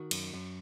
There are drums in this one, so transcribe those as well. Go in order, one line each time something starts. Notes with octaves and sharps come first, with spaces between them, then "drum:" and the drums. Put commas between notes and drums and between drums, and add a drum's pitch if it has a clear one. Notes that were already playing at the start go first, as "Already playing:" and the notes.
Already playing: D#3 F#4
F#2, drum: cymbal
F#2